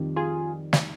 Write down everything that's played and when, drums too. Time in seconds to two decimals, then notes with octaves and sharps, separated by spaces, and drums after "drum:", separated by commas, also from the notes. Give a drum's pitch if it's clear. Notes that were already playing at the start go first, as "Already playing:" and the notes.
Already playing: F2 D#3 G3
0.16 F4 G#4
0.73 drum: snare